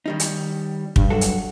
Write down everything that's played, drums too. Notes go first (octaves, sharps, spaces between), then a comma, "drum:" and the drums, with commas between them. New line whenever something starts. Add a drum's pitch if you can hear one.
D#3 G3 D#4
drum: hi-hat
G2, drum: kick
F#3 F#4 A4
drum: hi-hat